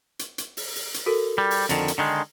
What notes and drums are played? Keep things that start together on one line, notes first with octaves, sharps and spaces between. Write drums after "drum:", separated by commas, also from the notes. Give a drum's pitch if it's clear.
drum: hi-hat
drum: hi-hat
drum: open hi-hat
drum: open hi-hat
drum: hi-hat
F#4 A4 A#4
G3
drum: open hi-hat
F2 D3 D#3, drum: hi-hat
drum: hi-hat
D3 D#3 G#3